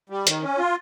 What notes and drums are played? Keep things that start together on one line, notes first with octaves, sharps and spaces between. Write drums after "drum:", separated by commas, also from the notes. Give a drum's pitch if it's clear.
G3
D#3, drum: hi-hat
C#4
F4